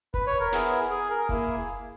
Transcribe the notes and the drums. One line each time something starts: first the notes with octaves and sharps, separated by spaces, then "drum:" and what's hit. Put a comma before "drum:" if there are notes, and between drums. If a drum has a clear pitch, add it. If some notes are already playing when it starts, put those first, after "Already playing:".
B4, drum: kick F1, hi-hat
C#5
A#4
B3 E4 G#4, drum: snare
G#4, drum: hi-hat
A#4
A#3 E4 G#4, drum: kick F1, hi-hat
drum: hi-hat